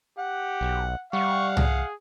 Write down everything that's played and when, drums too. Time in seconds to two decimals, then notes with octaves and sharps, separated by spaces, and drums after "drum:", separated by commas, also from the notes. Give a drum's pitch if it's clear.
0.18 G4 F#5
0.61 B1
1.13 G3 F5 F#5 C#6
1.57 G#4, drum: tom C2